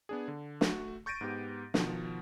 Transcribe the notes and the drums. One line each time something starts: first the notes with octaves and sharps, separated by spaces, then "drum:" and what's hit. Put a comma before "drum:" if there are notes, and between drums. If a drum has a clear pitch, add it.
B3 D4 G#4
D3
A3 F#4, drum: snare
C#6 G6 A6 A#6 D7 D#7
G#2 B3 G4
B2 D#3 F3, drum: snare